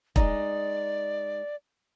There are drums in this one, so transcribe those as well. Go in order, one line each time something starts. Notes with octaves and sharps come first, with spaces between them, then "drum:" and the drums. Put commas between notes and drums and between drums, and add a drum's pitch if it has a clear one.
G#3 D#4 D5, drum: kick E1